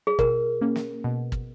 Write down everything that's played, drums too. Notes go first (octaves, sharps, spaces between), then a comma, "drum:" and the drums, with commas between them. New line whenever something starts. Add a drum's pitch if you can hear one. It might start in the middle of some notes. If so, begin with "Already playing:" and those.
G#4
B2 A#4, drum: kick
A#3 C#4
drum: snare
B2
drum: kick